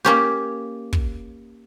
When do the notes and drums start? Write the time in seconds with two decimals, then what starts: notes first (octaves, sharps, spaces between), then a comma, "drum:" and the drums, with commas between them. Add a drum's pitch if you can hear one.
0.05 A#3 C#4 G4
0.93 drum: kick